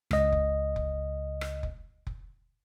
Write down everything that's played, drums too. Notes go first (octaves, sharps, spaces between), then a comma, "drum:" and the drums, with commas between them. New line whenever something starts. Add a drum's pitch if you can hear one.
C#2 D#5, drum: rim click
drum: kick F1
drum: kick F1
drum: rim click
drum: kick F1
drum: kick F1